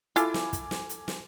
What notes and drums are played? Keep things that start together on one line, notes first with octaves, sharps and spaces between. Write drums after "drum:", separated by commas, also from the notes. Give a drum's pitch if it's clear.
E4 F4 A4 G#5 D6, drum: hi-hat
drum: snare
drum: kick, hi-hat
drum: snare
drum: hi-hat
drum: snare